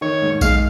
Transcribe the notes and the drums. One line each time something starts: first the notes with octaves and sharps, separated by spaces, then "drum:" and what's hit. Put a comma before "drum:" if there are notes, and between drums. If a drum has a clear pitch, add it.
D#3 C#5
G#2
G#3 F5, drum: kick A#1, tambourine